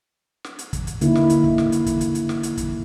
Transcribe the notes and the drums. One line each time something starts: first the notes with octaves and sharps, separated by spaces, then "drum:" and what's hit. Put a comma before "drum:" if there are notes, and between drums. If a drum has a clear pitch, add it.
drum: snare
drum: hi-hat
drum: kick, hi-hat
drum: hi-hat
D3 A#3 D#4 E4, drum: hi-hat
drum: snare
drum: hi-hat
drum: kick
drum: snare
drum: hi-hat
drum: kick, hi-hat
drum: hi-hat
drum: hi-hat
drum: snare
drum: hi-hat
drum: kick, hi-hat